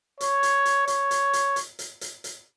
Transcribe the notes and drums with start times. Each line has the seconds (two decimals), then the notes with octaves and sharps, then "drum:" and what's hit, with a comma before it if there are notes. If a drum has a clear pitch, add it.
0.21 C#5, drum: hi-hat
0.43 drum: hi-hat
0.65 drum: hi-hat
0.88 C#5, drum: hi-hat
1.11 drum: hi-hat
1.33 drum: hi-hat
1.56 drum: hi-hat
1.79 drum: hi-hat
2.01 drum: hi-hat
2.24 drum: hi-hat